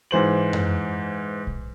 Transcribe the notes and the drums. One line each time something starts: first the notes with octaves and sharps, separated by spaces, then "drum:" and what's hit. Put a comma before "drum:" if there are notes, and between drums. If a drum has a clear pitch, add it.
G#2 E3 C5 F#7
drum: tom F#2
drum: kick A#1